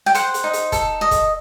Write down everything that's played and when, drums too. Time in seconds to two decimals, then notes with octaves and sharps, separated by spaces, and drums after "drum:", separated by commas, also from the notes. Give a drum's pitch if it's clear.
0.06 G5
0.15 C5 F#5, drum: hi-hat
0.34 drum: hi-hat
0.44 D#4
0.53 drum: hi-hat
0.72 A4, drum: kick, hi-hat
1.01 D#5
1.11 drum: kick, hi-hat